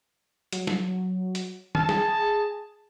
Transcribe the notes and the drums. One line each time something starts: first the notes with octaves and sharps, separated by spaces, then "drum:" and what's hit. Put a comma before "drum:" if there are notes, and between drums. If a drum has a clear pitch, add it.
F#3, drum: hi-hat
drum: snare
drum: hi-hat
A5 F6, drum: tom
G#4, drum: snare